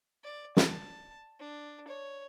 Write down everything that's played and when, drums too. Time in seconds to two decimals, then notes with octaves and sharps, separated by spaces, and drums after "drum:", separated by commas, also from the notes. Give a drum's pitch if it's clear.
0.24 D5
0.57 A5, drum: snare
1.40 D4
1.88 C#5